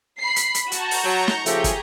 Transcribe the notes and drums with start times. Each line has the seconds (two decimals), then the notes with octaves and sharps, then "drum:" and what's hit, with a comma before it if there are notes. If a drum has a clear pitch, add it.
0.21 B5 C7
0.36 drum: hi-hat
0.55 drum: hi-hat
0.72 F#4 A5 A#5 C#6 G6, drum: hi-hat
0.91 drum: open hi-hat
1.05 F#3
1.28 drum: snare
1.46 C#3 F3 A3 G4 G#4, drum: hi-hat
1.64 drum: kick, hi-hat